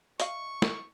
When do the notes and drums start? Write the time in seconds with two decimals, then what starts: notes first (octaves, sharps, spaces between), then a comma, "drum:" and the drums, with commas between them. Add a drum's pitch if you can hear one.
0.20 D#5 F5 C#6, drum: hi-hat
0.62 drum: snare